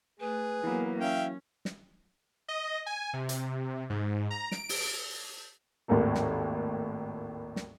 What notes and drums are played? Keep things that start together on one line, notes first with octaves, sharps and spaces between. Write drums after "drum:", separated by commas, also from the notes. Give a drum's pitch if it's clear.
A3 G#4 B4
E3 F#3 A#3 B3
C#4 E5 F5 G5
drum: snare
D#5
G#5
C3
drum: hi-hat
G#2
A#5
D7, drum: snare
drum: open hi-hat
G#1 D#2 A2 A#3 A4
drum: snare
drum: snare